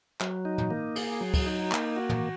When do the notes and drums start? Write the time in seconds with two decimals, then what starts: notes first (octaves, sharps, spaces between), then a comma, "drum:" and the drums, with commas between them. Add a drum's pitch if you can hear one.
0.21 F#3, drum: clap
0.45 D#4
0.58 drum: tom
0.71 A#3
0.96 G#4, drum: cymbal
1.21 F#3
1.34 drum: kick, cymbal
1.46 D#4
1.72 A#3, drum: clap
1.97 F#4
2.09 drum: tom